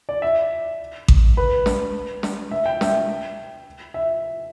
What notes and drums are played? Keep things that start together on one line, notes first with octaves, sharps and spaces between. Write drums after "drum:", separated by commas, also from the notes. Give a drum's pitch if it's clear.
D5
E5
drum: kick A1
B4
drum: snare
drum: snare
E5
G5
E5, drum: snare
E5